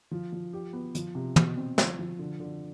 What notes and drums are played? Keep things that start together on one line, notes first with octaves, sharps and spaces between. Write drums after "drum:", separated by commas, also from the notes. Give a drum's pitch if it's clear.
F3
F3
G4
B3
F3, drum: hi-hat
C3
B2, drum: tom
C4
F3, drum: snare
F3
D3
D3